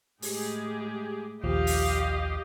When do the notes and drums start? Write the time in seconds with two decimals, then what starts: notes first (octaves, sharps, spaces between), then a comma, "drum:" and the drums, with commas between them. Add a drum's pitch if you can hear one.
0.22 A2 G#3 G4 G#4, drum: open hi-hat
1.44 A#1 D#2 F3 G4 D#5 F5 C6
1.67 drum: open hi-hat